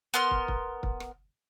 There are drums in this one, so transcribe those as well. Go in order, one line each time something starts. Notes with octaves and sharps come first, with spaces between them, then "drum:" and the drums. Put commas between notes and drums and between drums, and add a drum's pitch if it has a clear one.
B3 A#4 C6 F6
drum: kick
drum: kick
drum: kick
drum: rim click